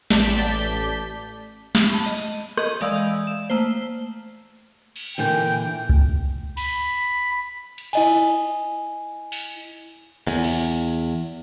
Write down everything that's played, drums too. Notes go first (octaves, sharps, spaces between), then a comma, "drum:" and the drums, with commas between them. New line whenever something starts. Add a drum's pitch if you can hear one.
A1 D5 A5 G6 B6, drum: snare
drum: snare
A5 B5
D#5
D#5 G#6 F#7, drum: rim click
E3 G#3 D5 F5 E6 G6, drum: hi-hat
E7
A3 A#3 C5
drum: cymbal
A#2 D3 E3 G5
drum: kick C#2
B5, drum: cymbal
drum: hi-hat
E4 D#5 G#5, drum: cymbal
drum: open hi-hat
E2, drum: cymbal
drum: cymbal